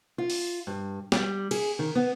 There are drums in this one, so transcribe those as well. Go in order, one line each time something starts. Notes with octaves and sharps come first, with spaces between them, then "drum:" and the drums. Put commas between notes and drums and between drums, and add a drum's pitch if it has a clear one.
F4
drum: open hi-hat
G2
G3, drum: snare
G#4, drum: cymbal
D#3
B3